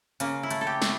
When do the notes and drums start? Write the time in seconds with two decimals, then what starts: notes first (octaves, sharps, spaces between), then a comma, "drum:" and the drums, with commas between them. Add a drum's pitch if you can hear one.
0.20 C#3 A#3, drum: hi-hat
0.43 E4
0.50 A3, drum: hi-hat
0.61 A4
0.67 G4
0.82 A3, drum: snare